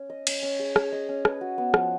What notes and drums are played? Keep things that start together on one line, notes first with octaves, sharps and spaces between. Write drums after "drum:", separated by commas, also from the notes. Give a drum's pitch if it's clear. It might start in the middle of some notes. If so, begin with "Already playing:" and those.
Already playing: C#4
D#5
C#4, drum: cymbal
C#4
G#4
G#4, drum: rim click
D#5
C#4
B4, drum: rim click
F#4
B3
F3, drum: rim click